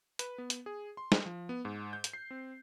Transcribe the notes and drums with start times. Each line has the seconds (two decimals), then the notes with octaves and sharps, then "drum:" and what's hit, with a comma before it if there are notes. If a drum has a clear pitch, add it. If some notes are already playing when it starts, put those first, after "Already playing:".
0.19 B4, drum: hi-hat
0.38 B3
0.50 drum: hi-hat
0.66 G#4
0.97 C6
1.12 drum: snare
1.26 F3
1.49 B3
1.65 G#2
1.93 G6
2.04 drum: hi-hat
2.13 C7
2.31 C4